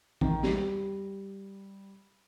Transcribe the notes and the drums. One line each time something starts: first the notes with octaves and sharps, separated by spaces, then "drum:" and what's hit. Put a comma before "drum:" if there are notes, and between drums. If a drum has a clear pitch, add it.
D#3, drum: kick A1
G3, drum: snare